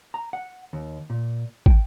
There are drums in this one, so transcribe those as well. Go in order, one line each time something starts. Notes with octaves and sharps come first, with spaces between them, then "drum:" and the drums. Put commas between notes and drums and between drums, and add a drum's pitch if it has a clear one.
A#5
F#5
D#2
A#2
G5, drum: kick